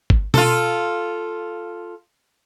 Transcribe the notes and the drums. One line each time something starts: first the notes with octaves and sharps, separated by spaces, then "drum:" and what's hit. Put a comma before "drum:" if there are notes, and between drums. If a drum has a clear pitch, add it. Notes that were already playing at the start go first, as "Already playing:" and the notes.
drum: kick
F4 A4, drum: tom B2